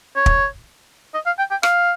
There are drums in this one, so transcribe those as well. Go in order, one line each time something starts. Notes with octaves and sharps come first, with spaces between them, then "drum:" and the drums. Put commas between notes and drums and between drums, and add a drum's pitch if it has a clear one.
C#5
drum: kick
D#5
F5
G5
G5
F5, drum: rim click